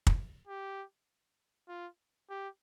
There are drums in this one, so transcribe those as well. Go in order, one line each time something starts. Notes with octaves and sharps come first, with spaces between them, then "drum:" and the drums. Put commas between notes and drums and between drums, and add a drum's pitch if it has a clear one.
drum: kick
G4
F4
G4